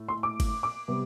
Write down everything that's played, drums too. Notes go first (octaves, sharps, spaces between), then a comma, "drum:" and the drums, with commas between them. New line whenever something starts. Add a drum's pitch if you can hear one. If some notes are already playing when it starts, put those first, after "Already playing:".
Already playing: A2 A3
C6
D6
drum: kick G1, cymbal
D6
C3 G3 B3